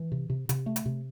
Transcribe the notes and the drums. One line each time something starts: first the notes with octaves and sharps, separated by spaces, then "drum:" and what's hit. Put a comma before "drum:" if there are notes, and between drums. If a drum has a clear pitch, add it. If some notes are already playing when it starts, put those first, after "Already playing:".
Already playing: E3
C3
C3
C3, drum: hi-hat
A3
drum: hi-hat
C3